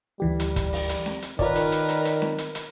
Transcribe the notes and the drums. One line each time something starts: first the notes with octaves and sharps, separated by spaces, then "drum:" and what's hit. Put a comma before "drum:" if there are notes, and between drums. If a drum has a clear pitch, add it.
D2 E3 G3 G4
drum: hi-hat
drum: kick, hi-hat
drum: open hi-hat
drum: hi-hat
drum: snare C4
drum: hi-hat
D#3 F4 A#4 B4 C#5 D5, drum: kick
drum: hi-hat
drum: hi-hat
drum: hi-hat
drum: hi-hat
drum: snare C4
drum: hi-hat
drum: hi-hat